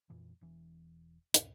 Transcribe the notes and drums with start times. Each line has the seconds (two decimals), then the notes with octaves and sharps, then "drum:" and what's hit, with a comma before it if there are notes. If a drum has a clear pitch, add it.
0.10 F2 A#2 E3
0.41 E1 E3
1.34 C#2 F#2 A2 C3, drum: hi-hat